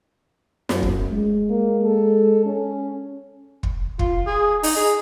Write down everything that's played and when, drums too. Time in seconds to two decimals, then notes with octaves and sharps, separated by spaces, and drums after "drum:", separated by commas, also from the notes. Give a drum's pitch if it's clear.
0.69 F#2, drum: snare
0.83 drum: kick
1.12 G#3
1.50 A#3
1.83 A4
2.46 C#4
3.63 drum: kick
3.99 F4, drum: kick
4.27 G#4
4.63 D#4, drum: open hi-hat
4.76 G#4